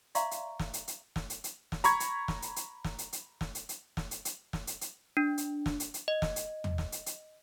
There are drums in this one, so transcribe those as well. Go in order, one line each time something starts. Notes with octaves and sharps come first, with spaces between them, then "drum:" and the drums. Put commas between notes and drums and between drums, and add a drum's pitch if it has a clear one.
D5 E5 F5 A#5 C6 C#6, drum: hi-hat
drum: hi-hat
drum: snare
drum: hi-hat
drum: hi-hat
drum: snare
drum: hi-hat
drum: hi-hat
drum: snare
A#5 B5 C#6 G#6, drum: hi-hat
drum: hi-hat
drum: snare
drum: hi-hat
drum: hi-hat
drum: snare
drum: hi-hat
drum: hi-hat
drum: snare
drum: hi-hat
drum: hi-hat
drum: snare
drum: hi-hat
drum: hi-hat
drum: snare
drum: hi-hat
drum: hi-hat
D4
drum: hi-hat
drum: snare
drum: hi-hat
drum: hi-hat
D#5
drum: snare
drum: hi-hat
drum: tom
drum: snare
drum: hi-hat
drum: hi-hat